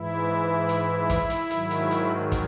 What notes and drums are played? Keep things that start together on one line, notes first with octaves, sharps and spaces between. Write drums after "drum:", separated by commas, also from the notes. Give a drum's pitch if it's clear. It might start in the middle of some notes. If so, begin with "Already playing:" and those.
Already playing: G#2 E3 E4
drum: hi-hat
drum: kick, hi-hat
drum: hi-hat
G#2 D#3 F#3, drum: hi-hat
drum: hi-hat
drum: hi-hat
drum: kick, hi-hat